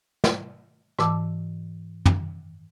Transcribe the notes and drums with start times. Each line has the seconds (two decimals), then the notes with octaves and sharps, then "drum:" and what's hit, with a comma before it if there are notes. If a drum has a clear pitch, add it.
0.24 drum: snare
0.99 G#2 E3 A5 D6 E6, drum: rim click
2.06 drum: tom